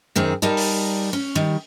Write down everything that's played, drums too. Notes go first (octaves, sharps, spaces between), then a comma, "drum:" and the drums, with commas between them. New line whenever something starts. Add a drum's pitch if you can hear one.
F#2 D#3 C4 G#4
G3 D#4 A#4 D5 A5
drum: open hi-hat
C#4
D#3 G3